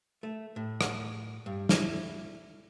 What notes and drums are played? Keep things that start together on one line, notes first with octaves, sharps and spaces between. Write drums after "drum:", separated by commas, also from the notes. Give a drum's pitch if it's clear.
A3
A2
drum: rim click
G2
E4, drum: snare